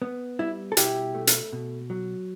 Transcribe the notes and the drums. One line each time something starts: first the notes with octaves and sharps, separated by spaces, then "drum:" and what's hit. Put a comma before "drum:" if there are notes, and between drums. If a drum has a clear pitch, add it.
B3
G3 E4
A4
B2 E4 G4, drum: hi-hat
A3
drum: hi-hat
B2
F#3